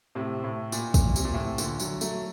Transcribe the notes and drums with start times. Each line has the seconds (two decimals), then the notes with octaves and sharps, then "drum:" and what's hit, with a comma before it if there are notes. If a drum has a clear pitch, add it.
0.15 A2 C3
0.44 A2
0.72 A#2, drum: tambourine
0.94 drum: kick, tambourine
1.16 C3, drum: tambourine
1.25 A#2
1.34 A2 C3
1.58 A#2 D3, drum: tambourine
1.79 D3 F#3, drum: tambourine
2.01 F#3 A3, drum: tambourine